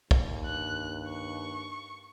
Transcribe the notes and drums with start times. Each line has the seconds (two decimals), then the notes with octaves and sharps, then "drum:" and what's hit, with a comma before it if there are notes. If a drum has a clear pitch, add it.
0.11 D#2, drum: kick
0.45 G2 F#6
1.08 C#6